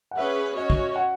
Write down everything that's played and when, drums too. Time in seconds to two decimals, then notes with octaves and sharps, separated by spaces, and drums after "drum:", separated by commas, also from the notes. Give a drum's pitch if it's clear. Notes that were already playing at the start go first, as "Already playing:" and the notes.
0.11 F#5
0.17 C#4 G#4 B4 E5
0.56 C#4 F#4 C#5 D#5
0.70 drum: kick
0.96 F#5